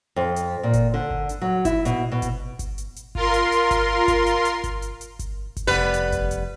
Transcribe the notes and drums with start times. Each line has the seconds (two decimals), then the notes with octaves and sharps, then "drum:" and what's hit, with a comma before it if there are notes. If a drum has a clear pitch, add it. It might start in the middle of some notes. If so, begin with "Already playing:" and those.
0.16 F2
0.36 drum: hi-hat
0.63 A#2
0.73 drum: kick G1, hi-hat
0.94 D3
1.11 drum: kick G1
1.29 drum: hi-hat
1.41 F#3
1.65 E4, drum: kick G1, hi-hat
1.85 B2, drum: hi-hat
2.12 B2
2.22 drum: kick G1, hi-hat
2.59 drum: kick G1, hi-hat
2.78 drum: hi-hat
2.96 drum: hi-hat
3.15 F4 A#4 C6, drum: kick G1
3.34 drum: hi-hat
3.52 drum: hi-hat
3.71 drum: kick G1, hi-hat
4.08 drum: kick G1, hi-hat
4.26 drum: hi-hat
4.45 drum: hi-hat
4.64 drum: kick G1, hi-hat
4.82 drum: hi-hat
5.01 drum: hi-hat
5.19 drum: kick G1, hi-hat
5.57 drum: kick G1, hi-hat
5.67 F1 G3 B3 B4
5.94 drum: hi-hat
6.12 drum: kick G1, hi-hat
6.31 drum: hi-hat